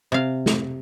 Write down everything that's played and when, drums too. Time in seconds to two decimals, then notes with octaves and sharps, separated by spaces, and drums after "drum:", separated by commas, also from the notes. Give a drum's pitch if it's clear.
0.12 C3 F5
0.46 drum: snare